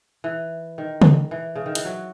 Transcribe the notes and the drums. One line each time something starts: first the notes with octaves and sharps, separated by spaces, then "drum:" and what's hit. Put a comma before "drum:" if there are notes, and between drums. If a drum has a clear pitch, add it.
E3
D#3
drum: tom C#3
E3
C#3
D#3
E3, drum: hi-hat
F#3